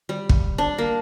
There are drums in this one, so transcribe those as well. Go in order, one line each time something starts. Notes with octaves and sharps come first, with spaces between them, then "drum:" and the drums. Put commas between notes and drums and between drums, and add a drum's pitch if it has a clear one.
G3
drum: kick
D4
A#3